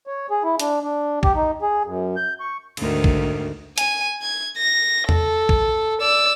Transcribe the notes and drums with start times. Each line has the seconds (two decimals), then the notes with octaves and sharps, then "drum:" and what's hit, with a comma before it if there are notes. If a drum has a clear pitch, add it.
0.07 C#5
0.30 G#4
0.44 E4
0.60 D4, drum: hi-hat
0.82 D4
1.23 G4, drum: kick
1.35 D#4
1.62 G#4
1.85 F#2
2.17 G6
2.40 C#6
2.77 D2 G#2 D#3, drum: cymbal
3.04 drum: kick
3.78 G#5, drum: hi-hat
4.22 G#6
4.57 A#6
5.09 A4, drum: tom E2
5.49 drum: kick
6.01 D5 E6